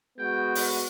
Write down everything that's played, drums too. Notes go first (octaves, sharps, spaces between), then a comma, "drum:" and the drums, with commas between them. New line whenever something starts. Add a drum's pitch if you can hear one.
G#3 B3 F#4 G5
drum: open hi-hat